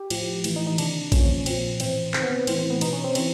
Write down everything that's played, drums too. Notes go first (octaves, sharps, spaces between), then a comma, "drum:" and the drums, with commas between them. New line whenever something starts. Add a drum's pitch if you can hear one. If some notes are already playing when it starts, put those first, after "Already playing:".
Already playing: G4
A2 F3, drum: cymbal
A2 E3, drum: cymbal
D#4
D#4
C3 D#3 D4, drum: cymbal
A#2 F3 C#4, drum: kick A#1, cymbal
A#2 F3 C4, drum: cymbal
A2 E3 C4, drum: cymbal
C3 D#3 C4, drum: clap
B3
C4
B3
A2 E3 C4, drum: cymbal
C4
B3
B2 D#4, drum: cymbal
C#4
C4
C3 E3 C4, drum: cymbal